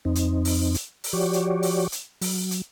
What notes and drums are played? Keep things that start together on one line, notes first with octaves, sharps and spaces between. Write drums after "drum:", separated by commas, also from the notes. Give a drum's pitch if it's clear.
F2 C4 D#4
drum: hi-hat
drum: open hi-hat
drum: hi-hat
drum: open hi-hat
F3 F#4 G4 C#5 D5
drum: hi-hat
drum: open hi-hat
drum: hi-hat
F#3, drum: open hi-hat
drum: hi-hat